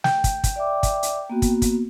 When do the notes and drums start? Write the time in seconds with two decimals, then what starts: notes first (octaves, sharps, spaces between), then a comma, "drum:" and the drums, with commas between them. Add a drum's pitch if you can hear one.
0.04 G5, drum: snare
0.24 drum: kick, hi-hat
0.44 drum: kick, hi-hat
0.56 D5 E5 D6
0.83 drum: kick, hi-hat
1.03 drum: hi-hat
1.30 A#3 B3 F#4
1.42 drum: kick, hi-hat
1.62 drum: kick, hi-hat